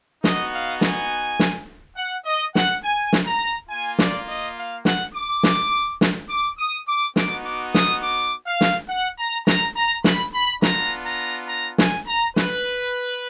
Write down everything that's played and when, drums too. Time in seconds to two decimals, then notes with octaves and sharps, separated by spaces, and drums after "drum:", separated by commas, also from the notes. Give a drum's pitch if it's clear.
0.24 B3 D#4 F#4 D#5, drum: snare
0.53 F5
0.81 G#5, drum: snare
1.40 drum: snare
1.97 F#5
2.25 D#5
2.55 F#5, drum: snare
2.84 G#5
3.13 drum: snare
3.27 A#5
3.70 A#3 F4 G#5
3.99 D5, drum: snare
4.27 D#5
4.57 F5
4.85 F#5, drum: snare
5.15 D6
5.43 drum: snare
6.01 drum: snare
6.29 D6
6.58 D#6
6.88 D6
7.16 B3 D#4 F#4 D6, drum: snare
7.45 D6
7.74 D#6, drum: snare
8.02 D6
8.46 F5
8.61 drum: snare
8.89 F#5
9.19 A#5
9.47 A#5, drum: snare
9.77 A#5
10.04 B5, drum: snare
10.34 B5
10.62 B3 D4 F4 A#5, drum: snare
11.05 A#5
11.49 A#5
11.78 G#5, drum: snare
12.07 A#5
12.36 B4, drum: snare